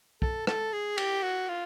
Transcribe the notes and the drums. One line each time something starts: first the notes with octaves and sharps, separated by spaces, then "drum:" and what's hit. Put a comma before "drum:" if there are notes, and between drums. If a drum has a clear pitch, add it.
A4, drum: kick
A4, drum: rim click
G#4
G4, drum: cymbal
F#4
F4